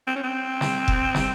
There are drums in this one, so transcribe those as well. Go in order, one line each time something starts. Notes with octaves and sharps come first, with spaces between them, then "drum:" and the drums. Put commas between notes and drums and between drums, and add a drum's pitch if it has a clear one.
C4
C#4
C4
drum: snare
drum: kick F1
drum: snare